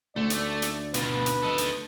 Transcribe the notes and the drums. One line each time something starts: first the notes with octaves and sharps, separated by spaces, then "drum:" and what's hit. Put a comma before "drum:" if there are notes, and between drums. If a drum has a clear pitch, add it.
D2 A3 D5
drum: hi-hat
drum: hi-hat
B2 F4 B4, drum: hi-hat
drum: hi-hat
A4 D#5
drum: hi-hat